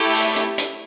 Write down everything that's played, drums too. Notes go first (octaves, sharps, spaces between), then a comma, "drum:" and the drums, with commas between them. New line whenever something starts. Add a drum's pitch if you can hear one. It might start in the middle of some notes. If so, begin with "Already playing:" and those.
Already playing: A3 E4 G4
drum: open hi-hat
drum: hi-hat
drum: hi-hat